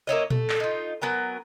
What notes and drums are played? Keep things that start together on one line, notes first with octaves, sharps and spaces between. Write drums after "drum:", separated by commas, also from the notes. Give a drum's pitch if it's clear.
A#3 E4 C#5 D#5
A3, drum: tom A#2
drum: clap
D#4 F4
F#3 B3 A#4 G#5